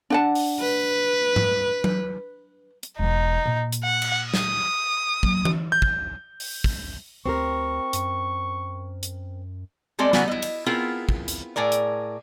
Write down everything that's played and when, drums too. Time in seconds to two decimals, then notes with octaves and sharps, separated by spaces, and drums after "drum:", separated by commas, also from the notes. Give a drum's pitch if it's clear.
0.10 D4 F#5 A5
0.35 drum: open hi-hat
0.61 B4
1.36 drum: tom G#2
1.84 drum: tom F#3
2.83 drum: hi-hat
2.99 E1 E3 D#4
3.46 A#2
3.72 drum: hi-hat
3.84 F#5
4.02 drum: cymbal
4.34 D#6, drum: snare
5.23 F#3 A#3, drum: kick
5.45 drum: tom E3
5.72 G6
5.82 drum: kick
6.40 drum: open hi-hat
6.64 drum: kick
7.26 D2 C4 G4 A#4 C#6
7.93 F#2, drum: hi-hat
9.03 drum: hi-hat
9.99 G3 G#3 C4 A4 D5
10.13 C#3 E3 F#3 B3 F#4, drum: snare
10.28 E4 D#5
10.42 drum: cymbal
10.66 B3 C4 E4 F4 G#4 A#4
11.09 drum: kick
11.28 drum: hi-hat
11.56 A2 G#4 A#4 D5
11.72 drum: hi-hat